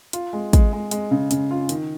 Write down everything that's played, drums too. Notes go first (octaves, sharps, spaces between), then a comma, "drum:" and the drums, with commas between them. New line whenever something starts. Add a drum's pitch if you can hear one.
F4, drum: hi-hat
G#3
G#3, drum: kick, hi-hat
G#3
G#3, drum: hi-hat
C#3
C#3, drum: hi-hat
F4
D#3, drum: hi-hat